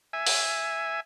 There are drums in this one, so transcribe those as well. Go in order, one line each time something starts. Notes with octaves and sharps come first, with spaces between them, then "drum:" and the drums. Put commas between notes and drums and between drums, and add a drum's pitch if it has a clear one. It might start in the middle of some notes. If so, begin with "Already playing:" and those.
E5 G#5
drum: open hi-hat